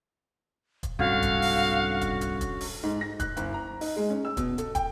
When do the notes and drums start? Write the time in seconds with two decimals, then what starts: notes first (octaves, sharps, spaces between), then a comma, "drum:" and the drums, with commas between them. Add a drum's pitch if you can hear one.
0.83 drum: kick, hi-hat
0.99 C2 G#2 D3 C#4 F#4 F5
1.22 drum: kick, hi-hat
1.42 drum: open hi-hat
2.01 drum: kick, hi-hat
2.21 drum: hi-hat
2.41 drum: kick, hi-hat
2.61 drum: open hi-hat
2.83 G#2
3.01 A#6
3.20 F#6, drum: kick, hi-hat
3.37 F#1, drum: hi-hat
3.54 A#5
3.81 D#4, drum: open hi-hat
3.96 G#3
4.10 C#4
4.25 E6
4.37 B2, drum: kick, hi-hat
4.58 A4, drum: hi-hat
4.75 G5, drum: kick, hi-hat